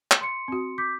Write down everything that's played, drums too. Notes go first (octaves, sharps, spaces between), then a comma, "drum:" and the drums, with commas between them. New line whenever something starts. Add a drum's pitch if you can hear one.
drum: clap
C6 C#7
C4 F#4
D6 G6 B6